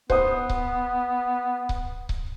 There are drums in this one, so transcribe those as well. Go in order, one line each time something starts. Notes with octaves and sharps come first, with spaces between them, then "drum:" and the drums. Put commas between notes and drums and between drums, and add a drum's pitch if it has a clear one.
B3 C5 F#5 D#6, drum: kick C#1
drum: kick C#1
drum: kick C#1
drum: kick C#1